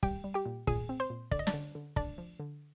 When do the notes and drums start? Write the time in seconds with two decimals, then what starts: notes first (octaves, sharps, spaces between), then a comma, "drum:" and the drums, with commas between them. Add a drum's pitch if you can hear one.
0.03 G3 G4 G5, drum: kick
0.24 G3
0.34 G4 G5
0.46 A#2
0.67 A#2 G#4 G#5, drum: kick
0.89 C4
1.00 C5 C6
1.10 A#2
1.31 D3 D5, drum: kick
1.39 D#5
1.47 D4 D5, drum: snare
1.53 D3
1.75 D3
1.96 D3 D4 D5, drum: kick
2.18 F3
2.39 D3